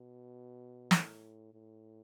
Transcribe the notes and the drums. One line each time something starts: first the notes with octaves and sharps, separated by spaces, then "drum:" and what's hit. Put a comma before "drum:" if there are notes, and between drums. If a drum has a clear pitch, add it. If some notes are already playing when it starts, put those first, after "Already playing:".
Already playing: B2
A2, drum: snare
A2